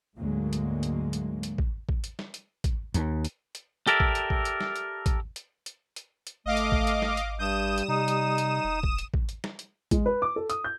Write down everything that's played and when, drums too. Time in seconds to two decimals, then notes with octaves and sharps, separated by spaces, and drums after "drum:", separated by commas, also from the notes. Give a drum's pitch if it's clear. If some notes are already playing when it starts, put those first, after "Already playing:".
0.16 D2 G#2 D3 F#3 G#3 A#3
0.53 drum: hi-hat
0.83 drum: hi-hat
1.13 drum: hi-hat
1.43 drum: hi-hat
1.58 drum: kick
1.89 drum: kick
2.04 drum: hi-hat
2.19 drum: snare
2.34 drum: hi-hat
2.64 drum: kick, hi-hat
2.94 D#2, drum: hi-hat
3.25 drum: hi-hat
3.55 drum: hi-hat
3.87 G4 A4 A#4 D5 E5, drum: hi-hat
4.00 drum: kick
4.15 drum: hi-hat
4.30 drum: kick
4.45 drum: hi-hat
4.60 drum: snare
4.76 drum: hi-hat
5.06 drum: kick, hi-hat
5.36 drum: hi-hat
5.66 drum: hi-hat
5.96 drum: hi-hat
6.27 drum: hi-hat
6.46 G#1 A3 D#5 F5 D6
6.57 drum: hi-hat
6.72 drum: kick
6.87 drum: hi-hat
7.02 drum: snare
7.17 drum: hi-hat
7.39 G2 G3 D#6 G6 E7
7.78 drum: hi-hat
7.88 C3 D#4
8.08 drum: hi-hat
8.38 drum: hi-hat
8.64 E1
8.83 drum: kick
8.98 drum: hi-hat
9.14 drum: kick
9.29 drum: hi-hat
9.44 drum: snare
9.59 drum: hi-hat
9.91 G#3, drum: kick, hi-hat
10.06 B4
10.22 D6
10.36 A4
10.50 D#6, drum: hi-hat
10.64 G6